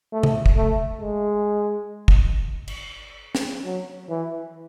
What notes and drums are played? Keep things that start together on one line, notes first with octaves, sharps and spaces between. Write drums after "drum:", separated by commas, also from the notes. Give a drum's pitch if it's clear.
A3
drum: tom C3
drum: kick
A3
G#3
drum: kick
drum: cymbal
drum: snare
F#3
E3